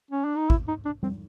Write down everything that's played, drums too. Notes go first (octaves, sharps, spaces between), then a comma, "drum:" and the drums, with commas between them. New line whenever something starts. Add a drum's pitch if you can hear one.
C#4
D4
D#4
E4, drum: kick
D#4
D4
C4, drum: tom G3